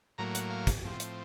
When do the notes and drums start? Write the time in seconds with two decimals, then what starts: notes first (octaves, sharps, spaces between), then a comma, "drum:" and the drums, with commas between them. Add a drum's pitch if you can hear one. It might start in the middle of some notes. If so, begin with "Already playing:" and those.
0.18 A2 F#3 A#3 A#5
0.35 F#5, drum: hi-hat
0.50 F5
0.67 drum: kick, hi-hat
0.84 A2 F3 C4
1.00 drum: hi-hat